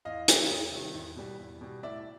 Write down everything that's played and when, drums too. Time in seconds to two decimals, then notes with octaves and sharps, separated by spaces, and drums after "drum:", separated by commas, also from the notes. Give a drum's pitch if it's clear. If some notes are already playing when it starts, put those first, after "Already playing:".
0.05 E2 D#5 F5
0.28 C3 D#3 G3, drum: hi-hat
0.50 E2
0.73 C3 D#3 G3
0.94 E2
1.16 B2 G3
1.39 E2
1.61 B2 G3
1.83 A2 D5 E5